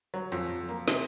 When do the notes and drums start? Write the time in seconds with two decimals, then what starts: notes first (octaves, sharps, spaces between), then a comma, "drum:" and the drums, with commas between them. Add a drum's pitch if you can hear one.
0.14 F#3
0.32 F2
0.69 A#3
0.88 C3, drum: snare